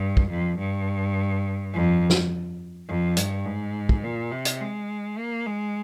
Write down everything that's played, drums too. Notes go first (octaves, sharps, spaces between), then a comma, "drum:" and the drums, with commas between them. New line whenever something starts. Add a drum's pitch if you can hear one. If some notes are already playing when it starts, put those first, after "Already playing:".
Already playing: G2
drum: kick
F2
G2
F2
drum: snare
F2
G2, drum: hi-hat
G#2
drum: kick
A#2
C3
drum: hi-hat
G#3
A#3
G#3